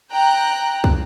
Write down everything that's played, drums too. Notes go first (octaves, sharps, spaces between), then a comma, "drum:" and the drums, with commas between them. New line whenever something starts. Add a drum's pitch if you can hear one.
G5 A#5 F#6
drum: kick